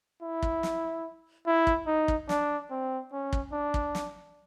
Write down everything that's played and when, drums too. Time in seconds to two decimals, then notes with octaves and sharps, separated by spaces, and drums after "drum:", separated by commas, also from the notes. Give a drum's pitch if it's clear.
0.22 E4
0.42 drum: kick
0.63 drum: snare
1.47 E4
1.67 drum: kick
1.87 D#4
2.08 drum: kick
2.29 D4, drum: snare
2.71 C4
3.12 C#4
3.33 drum: kick
3.53 D4
3.74 drum: kick
3.95 drum: snare